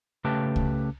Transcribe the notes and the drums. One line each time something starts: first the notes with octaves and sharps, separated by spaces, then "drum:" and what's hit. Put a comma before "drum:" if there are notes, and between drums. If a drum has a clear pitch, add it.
C#3 A3 G4 B4 G5 A5
drum: kick C#2